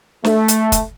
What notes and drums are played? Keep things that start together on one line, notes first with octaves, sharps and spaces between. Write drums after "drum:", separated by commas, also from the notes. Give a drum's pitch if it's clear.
A3, drum: snare
drum: hi-hat
drum: kick, hi-hat